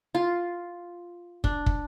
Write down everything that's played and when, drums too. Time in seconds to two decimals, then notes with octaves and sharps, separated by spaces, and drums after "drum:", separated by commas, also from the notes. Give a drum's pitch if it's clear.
0.15 F4
1.44 D4, drum: kick
1.66 drum: kick